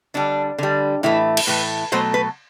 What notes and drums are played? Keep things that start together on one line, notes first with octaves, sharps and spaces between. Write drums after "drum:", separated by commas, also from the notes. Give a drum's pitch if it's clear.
D3 G3 D4
D3 G3
A2 E3 A3 E4
drum: cymbal
A2 E3 A3 B4
B2 F#3 A3 C5
B4